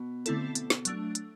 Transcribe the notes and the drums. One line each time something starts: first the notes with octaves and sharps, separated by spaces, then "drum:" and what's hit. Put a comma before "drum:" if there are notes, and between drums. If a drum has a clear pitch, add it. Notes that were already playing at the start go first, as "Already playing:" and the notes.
Already playing: B2
D3 A3 C4 E4 A4, drum: hi-hat
drum: hi-hat
drum: snare
F#3 A3 D4, drum: hi-hat
drum: hi-hat